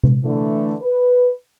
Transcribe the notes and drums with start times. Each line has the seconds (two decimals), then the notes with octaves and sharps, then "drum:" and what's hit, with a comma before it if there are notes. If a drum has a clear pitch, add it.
0.03 drum: tom C3
0.25 D3 E3 A3
0.82 B4